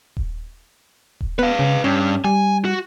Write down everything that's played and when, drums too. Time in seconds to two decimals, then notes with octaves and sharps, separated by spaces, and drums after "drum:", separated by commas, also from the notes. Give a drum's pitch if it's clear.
0.17 drum: kick D#1
1.21 drum: kick D#1
1.39 B3 B4 F5
1.59 C#3
1.84 G2 C#4
2.25 G3 G#5
2.65 F#4